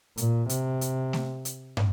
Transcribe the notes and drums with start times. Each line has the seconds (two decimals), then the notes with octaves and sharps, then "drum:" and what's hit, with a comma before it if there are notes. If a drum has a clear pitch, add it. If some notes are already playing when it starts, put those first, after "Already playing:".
0.17 A#2, drum: hi-hat
0.49 C3, drum: hi-hat
0.81 drum: hi-hat
1.13 drum: snare A3
1.45 drum: hi-hat
1.77 drum: tom